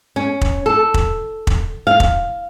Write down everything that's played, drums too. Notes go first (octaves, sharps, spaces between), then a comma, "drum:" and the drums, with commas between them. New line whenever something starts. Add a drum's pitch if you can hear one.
C#4
drum: kick
A4
drum: kick
drum: kick
F5
drum: kick